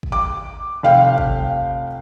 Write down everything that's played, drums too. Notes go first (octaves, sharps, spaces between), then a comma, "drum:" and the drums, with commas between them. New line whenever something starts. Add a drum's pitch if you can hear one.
drum: kick
D6
F1 F5 G5
drum: kick